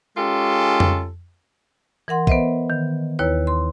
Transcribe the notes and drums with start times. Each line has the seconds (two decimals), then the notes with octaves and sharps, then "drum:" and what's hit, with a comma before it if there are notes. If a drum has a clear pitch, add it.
0.17 G#3 C#4 F4 G4 A4
0.80 drum: tom F2
2.08 E3 A#4 F#5 C6
2.27 B3 B4 C5 D#5 E5, drum: kick
2.70 D#3
3.19 D#2 E4 B4 C#5
3.47 C6